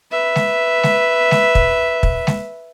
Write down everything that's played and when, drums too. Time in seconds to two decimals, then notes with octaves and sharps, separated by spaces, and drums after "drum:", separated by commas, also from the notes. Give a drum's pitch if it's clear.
0.12 B4 E5
0.36 drum: snare G#3
0.83 drum: snare G#3
1.31 drum: snare G#3
1.55 drum: kick
2.03 drum: kick
2.27 drum: snare G#3